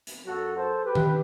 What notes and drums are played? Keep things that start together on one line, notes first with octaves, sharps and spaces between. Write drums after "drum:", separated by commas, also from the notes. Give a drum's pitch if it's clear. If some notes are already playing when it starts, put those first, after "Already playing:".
drum: hi-hat
F#2 F#3 F#4 A4
A4 C5
G4 B4
drum: tom D#3